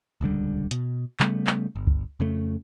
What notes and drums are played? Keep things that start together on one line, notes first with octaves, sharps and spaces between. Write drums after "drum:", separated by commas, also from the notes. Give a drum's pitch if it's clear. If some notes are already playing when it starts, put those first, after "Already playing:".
D#1 C#2 D3 G3
B2, drum: hi-hat
C#3 G3 A3 B3, drum: clap
drum: clap
G1
drum: kick C#2
F2 C#3 A3